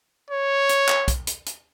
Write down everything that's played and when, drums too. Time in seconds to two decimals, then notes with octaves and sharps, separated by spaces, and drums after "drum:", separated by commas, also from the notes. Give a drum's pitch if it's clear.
0.31 C#5
0.69 drum: hi-hat
0.88 drum: clap
1.08 drum: kick, hi-hat
1.27 drum: hi-hat
1.46 drum: hi-hat